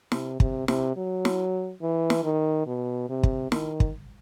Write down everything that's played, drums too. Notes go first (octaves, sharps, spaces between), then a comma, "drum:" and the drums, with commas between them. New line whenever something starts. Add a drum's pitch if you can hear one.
C3, drum: snare
C3, drum: kick
C3, drum: snare
F#3
drum: snare
E3
drum: snare
D#3
B2
C3
drum: kick
D#3, drum: snare
drum: kick